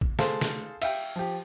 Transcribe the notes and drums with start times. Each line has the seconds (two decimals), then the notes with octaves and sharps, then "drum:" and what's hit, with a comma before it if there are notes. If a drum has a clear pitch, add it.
0.01 drum: kick
0.19 G#4 A4 C5 F5 A5, drum: snare
0.41 drum: snare
0.82 E5 F5 G5, drum: cymbal
1.16 F3 G4